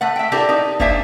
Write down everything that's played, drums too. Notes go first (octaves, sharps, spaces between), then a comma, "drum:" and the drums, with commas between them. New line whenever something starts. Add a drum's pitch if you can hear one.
A3 B4 F#5
E5 G5
D4 E4 G4 A4 A#4 D5
D#4
A#3 D4 C5 E5 G#5, drum: kick